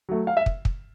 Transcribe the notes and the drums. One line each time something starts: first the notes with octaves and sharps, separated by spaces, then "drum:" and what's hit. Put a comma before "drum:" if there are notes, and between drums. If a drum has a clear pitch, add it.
F#3 A3
F5
E5
drum: kick
drum: kick